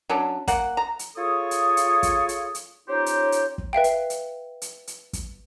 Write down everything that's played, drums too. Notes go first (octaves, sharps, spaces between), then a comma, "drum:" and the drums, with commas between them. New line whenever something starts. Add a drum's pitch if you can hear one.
F#3 C#4 D4
A#3 F#5, drum: kick, hi-hat
A#5
drum: hi-hat
F4 G#4 A4 C#5 D#6
drum: hi-hat
drum: hi-hat
drum: kick, hi-hat
drum: hi-hat
drum: hi-hat
C#4 D#4 F4 G4 C5 C#5
drum: hi-hat
drum: hi-hat
drum: kick
B4 E5 F5 G5
drum: hi-hat
drum: hi-hat
drum: hi-hat
drum: hi-hat
drum: kick, hi-hat